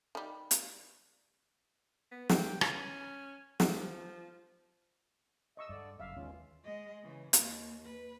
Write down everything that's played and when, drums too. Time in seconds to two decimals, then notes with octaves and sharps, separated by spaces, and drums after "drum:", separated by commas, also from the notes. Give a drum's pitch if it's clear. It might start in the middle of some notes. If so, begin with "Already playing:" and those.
0.15 D#3 G3
0.51 drum: hi-hat
2.11 B3
2.29 G5, drum: snare
2.61 C#4, drum: rim click
3.60 F3, drum: snare
5.57 D#5 E5 C#6 E6
5.69 G2 D3 D5
6.00 F#1 F#2 E5 F5 E6
6.16 D#2 B2 D#3 G#3 C#4 F4
6.63 G#3 D#5
7.03 C#3 E3
7.33 D#2, drum: hi-hat
7.84 B4